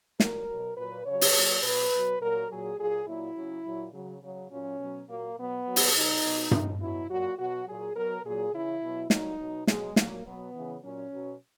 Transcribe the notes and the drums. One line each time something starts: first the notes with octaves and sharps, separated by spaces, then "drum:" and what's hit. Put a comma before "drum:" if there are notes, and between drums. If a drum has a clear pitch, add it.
A#2 F#3 A#4, drum: snare
B2 F#3
A#2 F#3 B4
C#3 F#3 C#5
drum: open hi-hat
A#2 F#3
B2 F#3 B4
B2 F#3
A#2 F#3 A#4
A#2 F#3 G#4
A#2 F#3 G#4
A#2 F#3 E4
C#3 F#3
A#2 F#3
C#3 F#3
C#3 F#3
A#2 F#3 C#4
B2 F#3
A#2 F#3 A#3
B2 F#3 B3
A#2 F#3
drum: open hi-hat
B2 F#3 D#4
B2 F#3
B2 F#3, drum: tom G2
B2 F#3 E4
A#2 F#3 F#4
B2 F#3 F#4
A#2 F#3 G#4
B2 F#3 A#4
A#2 F#3 G#4
C#3 E3 E4
B2 F#3
A#2 F#3 D#4, drum: snare
B2 F#3
B2 F#3 G#3, drum: snare
A#2 F#3 A#3, drum: snare
B2 F#3 B3
C#3 E3
A#2 F#3 C#4
B2 F#3